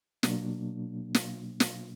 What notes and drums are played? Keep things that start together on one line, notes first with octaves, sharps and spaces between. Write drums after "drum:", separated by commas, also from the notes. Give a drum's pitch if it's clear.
B2 F#3 A#3 D4, drum: snare
drum: snare
drum: snare